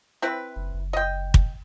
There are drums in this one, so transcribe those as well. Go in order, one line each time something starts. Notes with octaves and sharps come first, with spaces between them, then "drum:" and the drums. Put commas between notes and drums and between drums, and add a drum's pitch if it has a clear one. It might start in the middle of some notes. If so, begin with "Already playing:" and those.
C4 E4 B4
F#1
F#1
D#5 G5
drum: kick